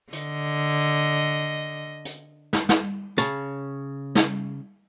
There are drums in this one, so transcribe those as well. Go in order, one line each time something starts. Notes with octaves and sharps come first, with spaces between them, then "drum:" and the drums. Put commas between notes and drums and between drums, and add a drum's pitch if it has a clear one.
D3 D#5, drum: hi-hat
drum: hi-hat
drum: snare
drum: snare
C#3 A5, drum: hi-hat
drum: snare